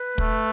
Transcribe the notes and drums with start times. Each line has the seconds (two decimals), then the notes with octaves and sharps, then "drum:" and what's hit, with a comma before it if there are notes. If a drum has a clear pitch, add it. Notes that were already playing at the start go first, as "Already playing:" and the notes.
Already playing: B4
0.18 A3, drum: kick